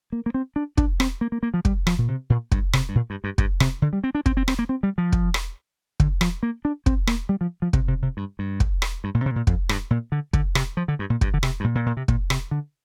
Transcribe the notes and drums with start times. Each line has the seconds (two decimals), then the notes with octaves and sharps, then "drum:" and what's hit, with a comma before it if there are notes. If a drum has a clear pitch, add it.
0.12 A#3
0.26 A#3
0.34 C4
0.56 D4
0.77 D4, drum: kick
1.00 C4, drum: rim click
1.21 A#3
1.32 A#3
1.43 A#3
1.54 F3
1.65 G3, drum: kick
1.87 F3, drum: rim click
1.98 A#2
2.08 C3
2.30 A#2
2.52 G2, drum: kick
2.73 C3, drum: rim click
2.89 G2
2.95 A#2
3.10 G2
3.24 G2
3.38 G2, drum: kick
3.60 C3, drum: rim click
3.82 D3
3.93 G3
4.04 C4
4.15 D4
4.26 C4, drum: kick
4.37 C4
4.48 C4, drum: rim click
4.59 A#3
4.69 C4
4.83 G3
4.98 F3
5.12 drum: kick
5.34 drum: rim click
6.00 D3, drum: kick
6.21 F3, drum: rim click
6.43 A#3
6.65 D4
6.86 C4, drum: kick
7.07 A#3, drum: rim click
7.29 G3
7.41 F3
7.62 F3
7.73 C3, drum: kick
7.88 C3
8.02 C3
8.17 G2
8.39 G2
8.60 drum: kick
8.82 drum: rim click
9.04 G2
9.15 A#2
9.26 C3
9.36 A#2
9.47 F2, drum: kick
9.69 G2, drum: rim click
9.91 A#2
10.12 D3
10.33 D3, drum: kick
10.55 C3, drum: rim click
10.77 F3
10.88 D3
10.99 G2
11.10 A#2
11.21 G2, drum: kick
11.34 D3
11.43 C3, drum: rim click
11.60 G2
11.64 A#2
11.75 A#2
11.86 A#2
11.97 C3
12.08 A#2, drum: kick
12.30 C3, drum: rim click
12.51 D3